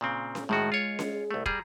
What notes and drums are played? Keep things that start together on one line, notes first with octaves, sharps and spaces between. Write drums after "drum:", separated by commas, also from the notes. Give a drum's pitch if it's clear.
A#2 C#3 C4
drum: snare C#4
A2 D#3 G#3 F#4
F4 C#5
drum: snare C#4
C2 A3
G3 G#4 A#5, drum: kick